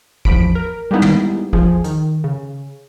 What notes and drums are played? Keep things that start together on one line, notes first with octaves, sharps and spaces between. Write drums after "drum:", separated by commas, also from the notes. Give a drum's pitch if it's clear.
A1 E2 F3 B5 B6 D7, drum: kick
A#4
G3 G#3 A#3 B3 D#4 E4
drum: tom
E2 F3 G#4, drum: kick
D#3, drum: hi-hat
C#3